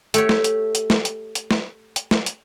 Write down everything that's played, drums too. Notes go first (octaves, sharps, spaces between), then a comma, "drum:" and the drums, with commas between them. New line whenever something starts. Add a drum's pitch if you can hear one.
A3 G4 C#5, drum: hi-hat
drum: snare
drum: hi-hat
drum: hi-hat
drum: snare
drum: hi-hat
drum: hi-hat
drum: snare
drum: hi-hat
drum: snare
drum: hi-hat